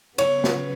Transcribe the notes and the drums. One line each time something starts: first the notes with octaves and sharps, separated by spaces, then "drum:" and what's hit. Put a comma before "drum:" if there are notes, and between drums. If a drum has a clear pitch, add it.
C#3 F#3 B3 C#5, drum: cymbal
drum: snare